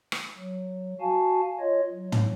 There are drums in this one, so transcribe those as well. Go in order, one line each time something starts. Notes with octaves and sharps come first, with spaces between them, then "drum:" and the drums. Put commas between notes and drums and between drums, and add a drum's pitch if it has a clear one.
drum: rim click
F#3
F#4 F5 G#5 A5
F4 C#5 D#5
F#3
drum: tom